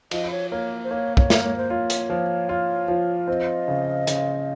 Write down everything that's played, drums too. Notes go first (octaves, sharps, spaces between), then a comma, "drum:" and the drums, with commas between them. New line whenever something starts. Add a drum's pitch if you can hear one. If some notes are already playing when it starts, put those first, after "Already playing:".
F3 D#5, drum: cymbal
C#5
A#3 C#5
C5
A#3 C#5
C#5, drum: kick
A#3, drum: snare
C#5
C5
F4 C#5
drum: hi-hat
F3
F4
F3
C4 D#5
C#3
C#3, drum: hi-hat